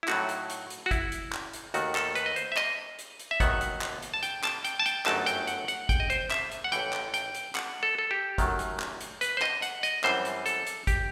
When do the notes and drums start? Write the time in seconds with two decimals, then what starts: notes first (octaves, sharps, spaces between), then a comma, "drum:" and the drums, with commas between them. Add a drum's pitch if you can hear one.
0.03 E4
0.08 A2 F#3 A3 D#4 F#4, drum: clap
0.29 drum: hi-hat
0.49 drum: hi-hat
0.70 drum: hi-hat
0.86 F#4
0.91 E4, drum: kick, hi-hat
1.12 drum: hi-hat
1.32 drum: clap
1.53 drum: hi-hat
1.74 D#2 D#3 A3 F#4, drum: hi-hat
1.95 A4, drum: clap
2.15 B4, drum: hi-hat
2.26 D#5
2.36 C5, drum: hi-hat
2.52 E5
2.57 D#5, drum: clap
2.98 drum: hi-hat
3.19 drum: hi-hat
3.31 E5
3.40 D#2 D#3 F#3 B3 D#4 F#5, drum: kick, hi-hat
3.61 drum: hi-hat
3.81 drum: clap
4.02 drum: hi-hat
4.14 A5
4.23 G5, drum: hi-hat
4.44 A5, drum: clap
4.64 G5, drum: hi-hat
4.79 A5
4.86 G5, drum: hi-hat
5.06 G1 F#2 F#3 A3 D#4 A5, drum: clap
5.26 G5, drum: hi-hat
5.47 F#5, drum: hi-hat
5.68 F#5, drum: hi-hat
5.89 G5, drum: kick, hi-hat
6.00 D#5
6.10 C5, drum: hi-hat
6.31 E5, drum: clap
6.51 drum: hi-hat
6.64 F#5
6.72 A1 A2 E3 G5, drum: hi-hat
6.93 drum: clap
7.14 G5, drum: hi-hat
7.34 drum: hi-hat
7.55 F#5, drum: clap
7.83 A4
7.99 A4
8.11 G4
8.38 F#2 D#3 F#3 A3, drum: kick, hi-hat
8.59 drum: hi-hat
8.80 drum: clap
9.00 drum: hi-hat
9.21 B4, drum: hi-hat
9.37 C5
9.42 D#5, drum: clap
9.62 F#5, drum: hi-hat
9.83 D#5, drum: hi-hat
10.04 F#2 E3 G3 C4 C5, drum: clap
10.25 drum: hi-hat
10.46 A4, drum: hi-hat
10.66 drum: hi-hat
10.87 G4, drum: kick, hi-hat